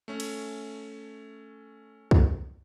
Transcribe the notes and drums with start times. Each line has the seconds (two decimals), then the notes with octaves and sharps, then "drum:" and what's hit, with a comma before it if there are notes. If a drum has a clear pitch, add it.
0.08 A3 C#4
0.20 drum: cymbal
2.11 drum: kick